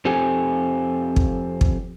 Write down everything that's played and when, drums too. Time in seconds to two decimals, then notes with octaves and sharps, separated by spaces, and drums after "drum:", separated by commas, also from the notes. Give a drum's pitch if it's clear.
0.05 F2 C4 G4 A4 G#5
1.16 drum: kick
1.61 drum: kick